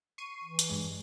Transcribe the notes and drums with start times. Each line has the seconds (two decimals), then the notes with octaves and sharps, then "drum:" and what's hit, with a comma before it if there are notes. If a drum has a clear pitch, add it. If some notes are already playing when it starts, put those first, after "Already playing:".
0.18 C#6 C7 D#7
0.44 E3
0.59 drum: hi-hat
0.69 G2 G#3